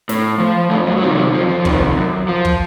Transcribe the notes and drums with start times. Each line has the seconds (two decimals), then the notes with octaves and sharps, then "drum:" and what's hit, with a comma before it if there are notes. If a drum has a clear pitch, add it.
0.09 A2, drum: snare
0.40 F3
0.71 F2 A2 A3
0.87 F#3
0.97 F#3
1.03 C3 D#3 F3
1.18 F#3
1.34 F2 F3
1.49 F3
1.65 C3 D#3, drum: kick
1.97 F#2
2.28 F3
2.45 drum: kick